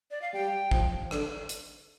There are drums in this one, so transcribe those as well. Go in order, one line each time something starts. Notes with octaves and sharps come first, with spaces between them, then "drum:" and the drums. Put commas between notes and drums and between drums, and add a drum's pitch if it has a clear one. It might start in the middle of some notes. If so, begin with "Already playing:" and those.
D5
F5
G3 G5
F3, drum: kick
D3, drum: rim click
drum: hi-hat